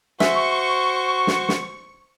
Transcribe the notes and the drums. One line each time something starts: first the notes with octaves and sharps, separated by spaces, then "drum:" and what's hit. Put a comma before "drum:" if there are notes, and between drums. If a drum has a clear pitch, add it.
F#4 G#4 C5 E5 C#6, drum: snare
drum: snare
drum: snare